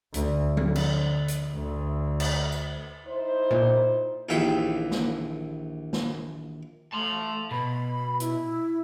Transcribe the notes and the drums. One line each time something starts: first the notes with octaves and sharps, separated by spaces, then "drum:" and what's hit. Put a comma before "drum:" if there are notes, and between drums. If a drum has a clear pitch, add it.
D2, drum: hi-hat
D3, drum: tom F3
drum: cymbal
drum: hi-hat
D2
drum: cymbal
drum: tambourine
D#4 E4 C5
A#2
A#1 D#2 E3 G#4 E5 G5
drum: snare
drum: snare
A3 A5 C6
B2 B5
E4, drum: hi-hat